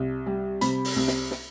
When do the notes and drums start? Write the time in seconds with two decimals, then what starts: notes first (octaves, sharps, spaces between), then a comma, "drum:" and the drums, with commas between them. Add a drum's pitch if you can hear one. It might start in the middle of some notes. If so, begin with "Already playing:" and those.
Already playing: C2
0.26 G3
0.61 C3 B5, drum: hi-hat
0.85 drum: open hi-hat
0.96 C2
1.08 drum: snare
1.31 drum: snare